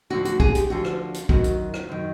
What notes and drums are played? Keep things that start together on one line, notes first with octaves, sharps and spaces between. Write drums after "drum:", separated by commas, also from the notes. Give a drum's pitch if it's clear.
D2 D3 F3 F#4
F#4, drum: hi-hat
G#4, drum: kick
G4, drum: hi-hat
D2 D3 F3 F#4
drum: rim click
drum: hi-hat
F#2 D#3 F#4, drum: kick
drum: hi-hat
drum: rim click
F#2 D#3